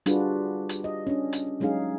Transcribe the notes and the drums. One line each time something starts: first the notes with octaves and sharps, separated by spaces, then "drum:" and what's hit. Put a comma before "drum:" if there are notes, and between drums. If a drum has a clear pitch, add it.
G3 D4 F4 F#4 G#4 B4, drum: hi-hat
drum: hi-hat
D#5
C#4 D4
drum: hi-hat
F#3 G#3 C#4 D#4 G#4 F5